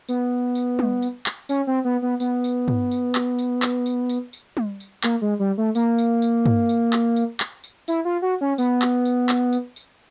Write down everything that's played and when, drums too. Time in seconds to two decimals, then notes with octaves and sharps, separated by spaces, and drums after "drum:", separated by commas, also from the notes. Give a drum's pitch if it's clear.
0.08 B3, drum: tambourine
0.55 drum: tambourine
0.79 drum: tom G3
1.02 drum: tambourine
1.26 drum: clap
1.49 C#4, drum: tambourine
1.67 C4
1.85 B3
2.02 B3
2.20 B3, drum: tambourine
2.44 drum: tambourine
2.68 drum: tom
2.91 drum: tambourine
3.15 drum: clap
3.39 drum: tambourine
3.62 drum: clap
3.86 drum: tambourine
4.09 drum: tambourine
4.33 drum: tambourine
4.57 drum: tom G3
4.80 drum: tambourine
5.03 A#3, drum: clap
5.22 G#3
5.39 G3
5.58 A3
5.75 A#3, drum: tambourine
5.98 drum: tambourine
6.22 drum: tambourine
6.46 drum: tom G2
6.69 drum: tambourine
6.93 drum: clap
7.16 drum: tambourine
7.40 drum: clap
7.64 drum: tambourine
7.88 E4, drum: tambourine
8.05 F4
8.22 F#4
8.41 C#4
8.58 B3, drum: tambourine
8.82 drum: clap
9.05 drum: tambourine
9.29 drum: clap
9.53 drum: tambourine
9.76 drum: tambourine